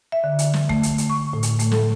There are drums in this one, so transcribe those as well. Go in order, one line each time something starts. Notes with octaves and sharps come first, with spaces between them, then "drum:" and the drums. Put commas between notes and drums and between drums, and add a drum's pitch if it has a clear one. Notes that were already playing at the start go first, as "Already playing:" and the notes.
E5
D3
drum: hi-hat
drum: snare
A3, drum: kick
drum: hi-hat
drum: hi-hat
C#6
A2
drum: hi-hat
A3, drum: hi-hat
A4, drum: snare